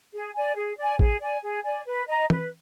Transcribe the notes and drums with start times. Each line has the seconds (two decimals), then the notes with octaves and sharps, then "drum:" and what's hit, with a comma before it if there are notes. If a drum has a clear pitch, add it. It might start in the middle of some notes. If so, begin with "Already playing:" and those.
0.14 G#4
0.35 D5 G#5
0.56 G#4
0.78 D5 G#5
0.99 G#4, drum: kick A1
1.21 D5 G#5
1.43 G#4
1.64 D5 G#5
1.87 B4
2.08 D#5 A#5
2.30 B4, drum: tom